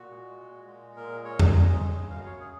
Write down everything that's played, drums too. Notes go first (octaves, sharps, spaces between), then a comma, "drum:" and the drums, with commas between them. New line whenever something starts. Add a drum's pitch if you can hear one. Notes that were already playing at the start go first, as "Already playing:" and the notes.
Already playing: A#2 F#4
G#3
A#2
G#3
A#2 A#4
G#3 C#5
drum: tom F2
G#3 D#5
C#3
F#2 F5
C#5
G#4